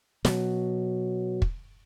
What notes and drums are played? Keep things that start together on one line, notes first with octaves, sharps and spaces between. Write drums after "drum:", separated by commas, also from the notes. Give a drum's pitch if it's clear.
B2 F#3, drum: snare
drum: kick